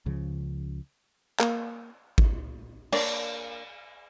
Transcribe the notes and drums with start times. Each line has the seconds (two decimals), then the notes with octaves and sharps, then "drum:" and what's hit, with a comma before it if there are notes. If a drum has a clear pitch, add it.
0.06 C#2 C#3 F3
1.40 A#3, drum: clap
2.18 drum: kick G#1
2.92 A#3 D4 C#5 D5, drum: cymbal